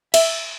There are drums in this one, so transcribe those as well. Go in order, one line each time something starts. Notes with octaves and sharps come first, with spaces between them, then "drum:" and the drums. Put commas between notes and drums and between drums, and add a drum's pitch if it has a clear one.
E5, drum: cymbal